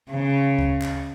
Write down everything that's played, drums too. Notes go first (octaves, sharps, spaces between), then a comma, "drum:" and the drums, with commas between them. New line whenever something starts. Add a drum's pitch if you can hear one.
C#3
drum: kick C#2
drum: clap